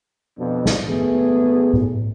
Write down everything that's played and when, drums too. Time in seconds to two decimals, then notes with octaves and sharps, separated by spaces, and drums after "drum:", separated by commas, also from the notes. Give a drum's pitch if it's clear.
0.39 F2 B2 F3 D4
0.66 drum: snare
0.89 G#1 A3 B3 G#4
1.73 drum: tom A2